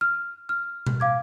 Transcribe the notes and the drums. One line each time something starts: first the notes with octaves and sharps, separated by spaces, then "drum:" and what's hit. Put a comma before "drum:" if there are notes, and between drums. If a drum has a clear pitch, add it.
F6
F6
drum: tom B2
F5 D6 G#6